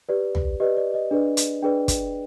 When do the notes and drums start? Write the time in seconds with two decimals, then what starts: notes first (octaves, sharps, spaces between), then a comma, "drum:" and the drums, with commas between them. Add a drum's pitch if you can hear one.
0.09 G4 B4 D5
0.35 drum: tom
0.60 G4 B4 D5 D#5
0.77 D5
0.94 D#5
1.11 D4 G#4 B4 D5
1.37 drum: hi-hat
1.62 D4 G#4 B4 D5 G5
1.88 drum: kick, hi-hat